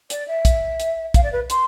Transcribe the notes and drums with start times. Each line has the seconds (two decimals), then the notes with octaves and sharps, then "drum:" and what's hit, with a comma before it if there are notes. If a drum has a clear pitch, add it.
0.10 D5, drum: hi-hat
0.28 E5
0.45 drum: kick, hi-hat
0.80 drum: hi-hat
1.14 F5, drum: kick, hi-hat
1.23 D5
1.32 B4
1.50 C6, drum: hi-hat